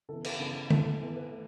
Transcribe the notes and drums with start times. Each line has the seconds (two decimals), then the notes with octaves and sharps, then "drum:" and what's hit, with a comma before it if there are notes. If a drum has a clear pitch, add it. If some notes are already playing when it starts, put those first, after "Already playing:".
0.09 C#3 E3 B3 A4
0.24 B4, drum: cymbal
0.39 C#3 E3 B3
0.70 E3 B3 A4, drum: tom D3
1.01 E3 B3
1.17 B4
1.32 A3